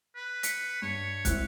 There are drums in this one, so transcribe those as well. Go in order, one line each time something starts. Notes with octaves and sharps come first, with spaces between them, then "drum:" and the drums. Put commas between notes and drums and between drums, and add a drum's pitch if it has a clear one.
B4
B6 C#7, drum: hi-hat
G2 C#5
G#1 C4 E4 F#6, drum: kick, hi-hat